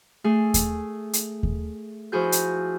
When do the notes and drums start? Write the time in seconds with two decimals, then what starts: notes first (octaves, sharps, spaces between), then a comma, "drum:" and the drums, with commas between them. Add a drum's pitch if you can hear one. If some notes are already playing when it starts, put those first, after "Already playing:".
0.24 A3 G#4
0.54 drum: kick D#2, hi-hat
1.13 drum: hi-hat
1.43 drum: kick D#2
2.12 F3 E4 F#4 G#4 G6
2.32 drum: hi-hat